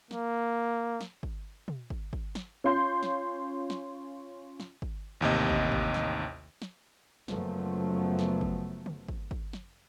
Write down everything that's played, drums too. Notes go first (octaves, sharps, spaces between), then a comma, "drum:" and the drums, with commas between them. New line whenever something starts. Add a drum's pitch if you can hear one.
A#3, drum: snare
drum: snare
drum: kick
drum: tom
drum: kick
drum: kick
drum: snare
C#4 F4 C6 G6
drum: snare
drum: snare
drum: snare
drum: kick
A1 D#2 C3 D#5
drum: kick
drum: kick
drum: snare
drum: snare
F#1 F#2 F3 F#3 A3 B3, drum: snare
drum: snare
drum: kick
drum: tom
drum: kick
drum: kick
drum: snare